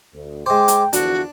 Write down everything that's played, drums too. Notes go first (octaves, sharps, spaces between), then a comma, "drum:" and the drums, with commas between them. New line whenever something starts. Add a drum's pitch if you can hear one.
D2
G#3 C5 G5 D6
drum: hi-hat
E2 D3 F3 D4 F#4, drum: hi-hat